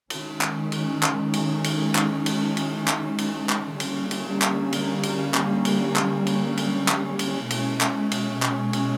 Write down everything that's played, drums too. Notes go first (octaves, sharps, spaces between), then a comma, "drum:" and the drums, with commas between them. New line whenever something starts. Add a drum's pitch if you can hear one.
D#3 G#3 C#4, drum: cymbal
drum: clap
drum: cymbal
drum: clap
drum: cymbal
drum: cymbal
drum: clap
drum: cymbal
drum: cymbal
drum: clap
drum: cymbal
drum: clap
D3 G3 A#3 C#4, drum: cymbal
drum: cymbal
drum: clap
drum: cymbal
drum: cymbal
drum: clap
drum: cymbal
drum: clap
drum: cymbal
drum: cymbal
drum: clap
drum: cymbal
B2 G#3 C#4, drum: cymbal
drum: clap
drum: cymbal
drum: clap
drum: cymbal